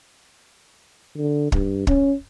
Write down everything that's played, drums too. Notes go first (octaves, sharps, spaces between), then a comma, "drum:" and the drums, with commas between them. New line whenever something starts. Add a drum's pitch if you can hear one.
D3
G2, drum: kick
C#4, drum: kick